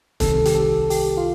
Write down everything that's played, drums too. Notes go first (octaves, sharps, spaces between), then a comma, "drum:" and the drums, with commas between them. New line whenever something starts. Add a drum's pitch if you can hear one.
C2 C3 D#3 A4, drum: kick, hi-hat
G4, drum: hi-hat
A4
G4, drum: open hi-hat
F4